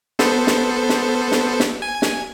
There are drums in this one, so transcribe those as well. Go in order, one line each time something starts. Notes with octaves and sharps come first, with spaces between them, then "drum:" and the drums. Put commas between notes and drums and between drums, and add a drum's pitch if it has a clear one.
B3 A4 C5, drum: snare
drum: snare
drum: snare
drum: snare
drum: snare
G#5
drum: snare